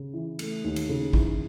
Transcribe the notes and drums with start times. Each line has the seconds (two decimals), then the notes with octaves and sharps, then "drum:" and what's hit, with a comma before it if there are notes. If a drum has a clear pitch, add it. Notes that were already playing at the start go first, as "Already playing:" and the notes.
Already playing: C#3
0.14 E3
0.39 A3, drum: cymbal
0.64 D#2
0.76 drum: cymbal
0.89 C#3
1.13 E3, drum: kick G#1